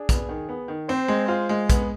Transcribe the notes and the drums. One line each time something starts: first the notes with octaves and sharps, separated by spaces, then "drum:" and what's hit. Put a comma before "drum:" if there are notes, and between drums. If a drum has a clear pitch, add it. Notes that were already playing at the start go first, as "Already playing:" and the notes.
Already playing: D4 G#4
B3, drum: kick, hi-hat
D#3
B3
D#3
C4 C5
G#3
F4 C5
G#3
B3, drum: kick, hi-hat